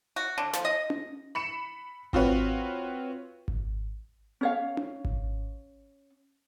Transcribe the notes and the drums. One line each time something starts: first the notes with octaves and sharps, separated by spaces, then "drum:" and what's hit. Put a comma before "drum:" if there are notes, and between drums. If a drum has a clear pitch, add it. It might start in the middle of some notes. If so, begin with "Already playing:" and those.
F#4
D3
F3, drum: snare
D#5
drum: tom C#4
B5 C#7 E7
C4 F4 F#4 B4 C#5, drum: kick G#1
drum: kick G#1
C#4 C#5 F5
drum: tom C#4
drum: kick G#1